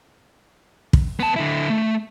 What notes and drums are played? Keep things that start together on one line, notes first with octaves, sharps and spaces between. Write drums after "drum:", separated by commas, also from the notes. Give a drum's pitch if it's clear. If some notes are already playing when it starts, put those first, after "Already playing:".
drum: kick
B3 A5
D3 E4
A3